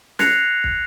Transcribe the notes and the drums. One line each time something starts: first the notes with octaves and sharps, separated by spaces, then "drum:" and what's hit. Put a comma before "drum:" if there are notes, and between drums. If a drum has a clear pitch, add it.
F#6 G#6 A#6 C7 C#7 F7, drum: snare
drum: kick